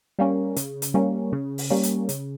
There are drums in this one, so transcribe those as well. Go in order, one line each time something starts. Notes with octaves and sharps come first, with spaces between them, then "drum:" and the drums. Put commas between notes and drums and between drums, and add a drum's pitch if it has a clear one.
G3 A#3 C#4
C#3, drum: hi-hat
drum: hi-hat
G3 A#3 C#4
C#3
drum: open hi-hat
G3 A#3 C#4
drum: hi-hat
C#3, drum: hi-hat